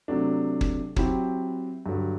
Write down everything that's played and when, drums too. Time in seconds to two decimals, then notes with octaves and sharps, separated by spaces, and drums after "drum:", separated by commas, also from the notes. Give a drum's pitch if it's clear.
0.08 C3 F#3 A3 D4
0.61 drum: kick
0.96 F#3 C4 E4 G4, drum: kick
1.86 G2 D3 F#3